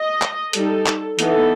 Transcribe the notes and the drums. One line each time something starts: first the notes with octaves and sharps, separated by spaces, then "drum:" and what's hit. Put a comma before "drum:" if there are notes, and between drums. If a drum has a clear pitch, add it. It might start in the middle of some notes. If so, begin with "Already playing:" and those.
Already playing: D#5
drum: clap
G3 D#4 A4, drum: hi-hat
drum: clap
E3 B3 D#4 A4, drum: hi-hat